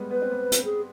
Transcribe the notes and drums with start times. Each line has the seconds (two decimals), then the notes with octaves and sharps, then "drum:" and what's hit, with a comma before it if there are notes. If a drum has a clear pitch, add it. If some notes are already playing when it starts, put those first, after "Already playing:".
Already playing: G3 G#3 B3
0.11 B3 B4
0.22 C4
0.31 B3
0.52 drum: hi-hat
0.65 G#4